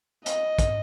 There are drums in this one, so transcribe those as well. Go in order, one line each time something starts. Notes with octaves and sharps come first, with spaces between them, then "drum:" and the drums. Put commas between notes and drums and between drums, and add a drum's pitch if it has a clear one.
D#5, drum: hi-hat
drum: kick, hi-hat